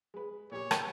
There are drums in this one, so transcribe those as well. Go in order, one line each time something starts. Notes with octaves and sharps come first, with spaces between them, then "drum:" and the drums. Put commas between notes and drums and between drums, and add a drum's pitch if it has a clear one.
G#3 B4
A#2 G4 C#5 D6
drum: rim click